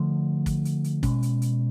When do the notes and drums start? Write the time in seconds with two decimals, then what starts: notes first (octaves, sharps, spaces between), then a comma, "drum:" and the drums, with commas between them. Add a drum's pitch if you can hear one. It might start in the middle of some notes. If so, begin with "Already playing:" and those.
Already playing: D3 F3 A3
0.46 drum: kick, hi-hat
0.65 drum: hi-hat
0.84 drum: hi-hat
1.03 B2 G#3 C#4, drum: kick, hi-hat
1.23 drum: hi-hat
1.42 drum: hi-hat